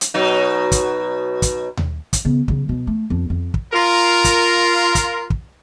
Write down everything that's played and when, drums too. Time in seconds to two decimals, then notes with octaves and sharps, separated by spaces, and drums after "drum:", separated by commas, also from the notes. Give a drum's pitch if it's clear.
0.01 drum: hi-hat
0.14 B2 F#3 D#4
0.72 drum: kick, hi-hat
1.42 drum: kick, hi-hat
1.77 drum: tom D#2
2.13 drum: kick, hi-hat
2.25 C#3 B3
2.48 C#3 F#3, drum: kick
2.69 B2 F#3
2.87 A3
3.10 F2
3.30 F2
3.54 drum: kick
3.74 F4 A#4
4.24 drum: kick, hi-hat
4.95 drum: kick, hi-hat
5.30 drum: kick